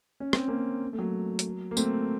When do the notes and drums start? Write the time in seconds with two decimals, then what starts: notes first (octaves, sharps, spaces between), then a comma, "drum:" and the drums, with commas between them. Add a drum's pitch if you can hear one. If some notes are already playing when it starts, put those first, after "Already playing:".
0.20 C#4
0.33 C4, drum: rim click
0.48 A#3 C#4
0.93 A3
0.98 F#3 A#3
1.39 drum: hi-hat
1.71 A#3
1.77 A3 C4, drum: tambourine